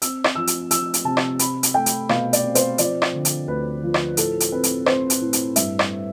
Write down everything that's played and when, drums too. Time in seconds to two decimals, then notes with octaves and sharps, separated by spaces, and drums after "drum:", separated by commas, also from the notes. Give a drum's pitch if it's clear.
0.02 C4 E6, drum: hi-hat
0.24 drum: rim click
0.35 F3 E6
0.47 drum: hi-hat
0.71 F3 E6, drum: hi-hat
0.94 drum: hi-hat
1.05 C3 A5
1.17 drum: rim click
1.39 C4 B5, drum: hi-hat
1.63 drum: hi-hat
1.74 A3 G5
1.86 drum: hi-hat
2.09 B2 F5, drum: rim click
2.33 D5, drum: hi-hat
2.44 C4
2.55 C5, drum: hi-hat
2.78 F3 D5, drum: hi-hat
3.02 drum: rim click
3.13 D3
3.25 drum: hi-hat
3.48 D2 B4
3.83 F3
3.94 drum: rim click
4.17 A2 A4, drum: hi-hat
4.40 drum: hi-hat
4.52 C4 B4
4.63 drum: hi-hat
4.86 C4 C5, drum: rim click
5.10 drum: hi-hat
5.21 A2
5.33 drum: hi-hat
5.56 G2 E5, drum: hi-hat
5.79 drum: rim click